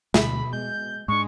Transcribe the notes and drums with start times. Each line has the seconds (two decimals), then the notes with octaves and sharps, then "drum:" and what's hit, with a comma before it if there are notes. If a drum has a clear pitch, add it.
0.14 D2 B2 B5, drum: snare
0.53 G#3 G6
1.08 G#2 G#3 D4 C#6